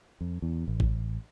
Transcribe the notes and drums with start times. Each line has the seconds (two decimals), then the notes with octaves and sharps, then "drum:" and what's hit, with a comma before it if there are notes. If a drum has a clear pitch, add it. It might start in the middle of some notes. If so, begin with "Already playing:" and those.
0.21 F2
0.42 E2
0.68 A1
0.80 drum: kick